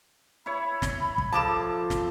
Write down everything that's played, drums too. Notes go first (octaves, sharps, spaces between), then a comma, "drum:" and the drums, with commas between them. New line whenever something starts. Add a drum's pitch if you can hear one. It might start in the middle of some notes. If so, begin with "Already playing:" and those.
E4 C#5 B5
drum: snare
drum: kick
F3 F4 A4 A5 D6 E7
drum: snare